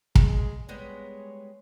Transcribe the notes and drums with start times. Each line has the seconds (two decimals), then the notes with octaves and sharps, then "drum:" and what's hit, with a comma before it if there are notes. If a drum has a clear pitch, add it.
0.15 G#3, drum: kick
0.69 G3 G#3 B3 C#5